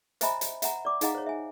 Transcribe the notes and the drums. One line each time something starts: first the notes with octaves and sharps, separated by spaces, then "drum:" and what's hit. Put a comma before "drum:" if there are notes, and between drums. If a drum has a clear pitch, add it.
C5 D#5 E5 G#5 A#5 B5, drum: hi-hat
drum: hi-hat
E5 F#5 A#5, drum: hi-hat
D5 D6
D#4 G#4 D#5 F5 F#5 A#5, drum: hi-hat
C5 C#5
E5 G#5